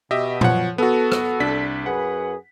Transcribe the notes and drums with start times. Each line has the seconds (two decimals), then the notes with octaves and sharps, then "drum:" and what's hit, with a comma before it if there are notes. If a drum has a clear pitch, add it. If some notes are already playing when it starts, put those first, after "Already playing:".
0.11 B2 G4 D#5 E5
0.41 F3 C#5 F#5, drum: tom A#2
0.78 B3 F#4 A4
1.12 drum: rim click
1.40 C2 D4 B6
1.86 F#2 G#4 B4 F#5